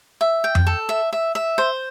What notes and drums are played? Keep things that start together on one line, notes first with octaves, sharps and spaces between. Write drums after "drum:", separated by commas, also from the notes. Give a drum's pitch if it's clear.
E5
G5
drum: tom F2
A4
E5
E5
E5
C5